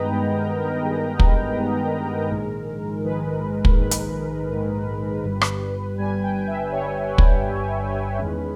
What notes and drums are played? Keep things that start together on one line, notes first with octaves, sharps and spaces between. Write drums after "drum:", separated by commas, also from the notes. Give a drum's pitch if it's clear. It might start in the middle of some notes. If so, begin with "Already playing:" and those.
Already playing: G2 D#3 G#3 B3 B4 D#5 G5 A#5
G2 D#3 G#3 B3
A#4
A#4
G2 D#3 G#3 B3
drum: kick
G2 D#3 G#3 B3
A#1 G#2 D#3 G#3 A#4
A#1 G#2 D#3 G#3 B4
drum: kick
A#1 G#2 D#3 G#3 B4
drum: hi-hat
A#1 G#2 D#3 G#3
G1 G2 G3
drum: rim click
G1 G2 G3 G#5
G5
E5
G1 G2 G3 C#5
B4
drum: kick
G1 G2 G3
E2 D#3 G#3 C#4